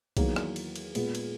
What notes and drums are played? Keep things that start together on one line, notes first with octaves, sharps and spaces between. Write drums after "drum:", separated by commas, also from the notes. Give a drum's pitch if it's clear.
E2 D#3 F#3 A#3, drum: kick, cymbal
drum: rim click
drum: cymbal
drum: cymbal
A#2 G#3 B3, drum: cymbal
drum: cymbal